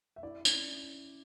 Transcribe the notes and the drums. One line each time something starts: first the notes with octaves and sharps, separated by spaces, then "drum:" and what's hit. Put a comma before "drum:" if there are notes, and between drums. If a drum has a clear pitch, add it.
E5
E4 D5
C#4, drum: tambourine